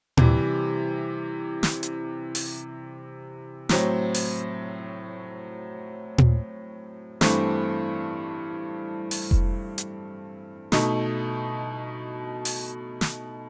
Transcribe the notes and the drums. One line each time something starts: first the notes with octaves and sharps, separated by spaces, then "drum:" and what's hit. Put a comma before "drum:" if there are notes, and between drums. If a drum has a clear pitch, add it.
C3 E3 G3, drum: tom A#2
drum: snare
drum: hi-hat
drum: open hi-hat
A2 F#3 C4, drum: snare
drum: open hi-hat
drum: tom A#2
G2 E3 A3 C4, drum: snare
drum: open hi-hat
drum: kick F1
drum: hi-hat
B2 A3 D#4, drum: snare
drum: open hi-hat
drum: snare